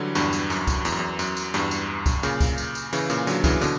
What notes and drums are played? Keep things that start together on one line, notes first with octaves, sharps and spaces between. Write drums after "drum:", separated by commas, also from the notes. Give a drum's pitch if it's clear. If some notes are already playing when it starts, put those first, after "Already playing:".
Already playing: D3 E3 F#3 G3
E2 G2, drum: tambourine
drum: tambourine
F#2, drum: tambourine
drum: kick C#2, tambourine
E2, drum: tambourine
F#2
E2
F#2, drum: tambourine
drum: tambourine
E2 G2, drum: tambourine
drum: tambourine
drum: kick C#2, tambourine
A#2 C#3, drum: tambourine
drum: kick C#2, tambourine
drum: tambourine
drum: tambourine
C#3 E3, drum: tambourine
A#2 C#3, drum: tambourine
D3 F#3, drum: tambourine
C#3 E3, drum: kick C#2, tambourine
B2 D3, drum: tambourine